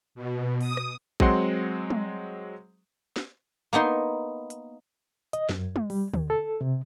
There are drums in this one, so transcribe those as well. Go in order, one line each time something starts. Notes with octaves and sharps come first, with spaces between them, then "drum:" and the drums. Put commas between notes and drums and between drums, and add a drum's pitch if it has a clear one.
B2
D#6, drum: open hi-hat
drum: rim click
F#3 G#3 C4 F#5 C6, drum: kick A1
drum: tom G3
drum: snare
A#3 B3 D#4 C6
drum: hi-hat
D#5, drum: hi-hat
F#2, drum: snare
drum: tom G3
G3, drum: open hi-hat
D#2, drum: tom D3
A4
C3